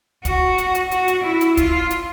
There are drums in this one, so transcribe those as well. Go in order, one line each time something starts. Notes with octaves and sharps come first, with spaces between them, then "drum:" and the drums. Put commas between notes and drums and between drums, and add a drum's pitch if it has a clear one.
F#4, drum: kick, hi-hat
drum: hi-hat
drum: hi-hat
F#4, drum: hi-hat
drum: hi-hat
E4
drum: hi-hat
F4, drum: kick, hi-hat
drum: hi-hat